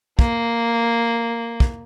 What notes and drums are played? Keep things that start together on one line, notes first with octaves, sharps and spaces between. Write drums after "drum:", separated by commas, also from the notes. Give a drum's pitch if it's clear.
A#3, drum: kick
drum: kick